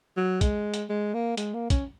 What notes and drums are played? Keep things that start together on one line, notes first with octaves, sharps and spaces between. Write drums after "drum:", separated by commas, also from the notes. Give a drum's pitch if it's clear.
F#3
G#3, drum: kick, hi-hat
drum: hi-hat
G#3
A#3
G#3, drum: hi-hat
A#3
C#4, drum: kick, hi-hat